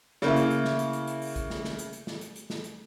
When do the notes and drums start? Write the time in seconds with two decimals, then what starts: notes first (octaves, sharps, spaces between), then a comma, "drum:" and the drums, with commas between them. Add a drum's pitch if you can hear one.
0.22 C#3 A#3 E4, drum: snare
0.36 drum: hi-hat
0.50 drum: hi-hat
0.65 drum: snare
0.79 drum: hi-hat
0.93 drum: hi-hat
1.07 drum: hi-hat
1.22 drum: open hi-hat
1.36 drum: kick A1, hi-hat
1.50 drum: snare
1.64 drum: snare
1.79 drum: hi-hat
1.93 drum: hi-hat
2.07 drum: snare
2.21 drum: hi-hat
2.36 drum: hi-hat
2.50 drum: snare
2.64 drum: hi-hat